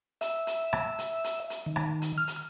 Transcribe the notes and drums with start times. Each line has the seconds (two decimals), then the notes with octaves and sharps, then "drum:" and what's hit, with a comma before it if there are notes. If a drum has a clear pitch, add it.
0.21 E5, drum: hi-hat
0.47 drum: hi-hat
0.73 drum: rim click
0.98 drum: hi-hat
1.24 drum: hi-hat
1.50 drum: hi-hat
1.66 D#3
1.76 drum: rim click
2.02 drum: hi-hat
2.18 F6
2.27 drum: hi-hat